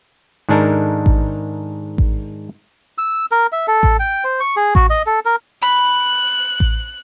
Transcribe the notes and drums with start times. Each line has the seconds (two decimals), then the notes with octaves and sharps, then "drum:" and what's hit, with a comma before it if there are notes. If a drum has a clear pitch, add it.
0.49 G#2 D#3 G#3 D4 A4 A#4
1.06 drum: kick A1
1.98 drum: kick A1
2.98 E6
3.32 A#4
3.52 E5
3.68 A4
3.83 drum: kick A1
3.99 G5
4.24 C5
4.40 C#6
4.56 G#4
4.75 F#4, drum: kick A1
4.90 D#5
5.06 A4
5.25 A#4
5.62 B5 F#6
6.60 drum: kick A1